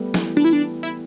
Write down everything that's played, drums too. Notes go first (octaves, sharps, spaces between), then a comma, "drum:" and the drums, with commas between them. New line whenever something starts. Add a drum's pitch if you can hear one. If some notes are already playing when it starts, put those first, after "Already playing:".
Already playing: G3 A3 B3
E3, drum: snare
D4
E4
D4
E4